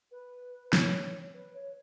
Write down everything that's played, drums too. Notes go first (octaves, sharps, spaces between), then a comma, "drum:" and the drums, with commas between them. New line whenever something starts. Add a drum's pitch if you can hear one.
B4
C#5, drum: snare
B4
C#5